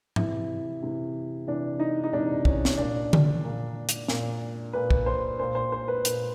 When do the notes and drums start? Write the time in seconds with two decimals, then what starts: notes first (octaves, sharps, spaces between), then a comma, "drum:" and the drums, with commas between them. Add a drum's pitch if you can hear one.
0.16 C3 E3 E4, drum: tom G#2
0.82 C3 E3
1.47 C3 E3 D4
1.80 D#4
2.04 D#4
2.13 C3 E3 D4
2.45 C#4, drum: kick
2.65 drum: snare
2.78 A#2 D4
3.13 drum: tom D3
3.44 A#2
3.89 drum: hi-hat
4.08 A#2, drum: snare
4.73 A#2 B4
4.90 drum: kick
5.06 C5
5.39 A#2 C5
5.55 C5
5.72 C5
5.88 B4
6.05 A#2, drum: hi-hat